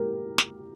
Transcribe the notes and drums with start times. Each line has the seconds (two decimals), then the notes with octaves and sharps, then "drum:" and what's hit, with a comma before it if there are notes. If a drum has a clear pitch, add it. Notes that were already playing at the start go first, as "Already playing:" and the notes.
Already playing: G4 A#4
0.38 drum: snare